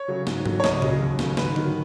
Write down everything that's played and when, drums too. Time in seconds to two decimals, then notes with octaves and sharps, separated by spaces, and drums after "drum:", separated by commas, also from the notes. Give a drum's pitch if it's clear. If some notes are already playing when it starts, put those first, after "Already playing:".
Already playing: C#5
0.08 C#3 F#3
0.27 G#2, drum: snare
0.46 F#3, drum: tom G#2
0.60 C#5
0.64 C#2 D#5, drum: snare
0.82 C#3 F#3, drum: tom A#2
1.01 D#2
1.19 C#3 F#3, drum: snare
1.37 G#2 B4, drum: snare
1.56 D#3 F#3, drum: tom D3